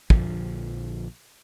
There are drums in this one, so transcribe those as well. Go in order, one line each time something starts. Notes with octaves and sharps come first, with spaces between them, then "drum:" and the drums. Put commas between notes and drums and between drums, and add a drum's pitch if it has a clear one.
A#1 D3 F3, drum: kick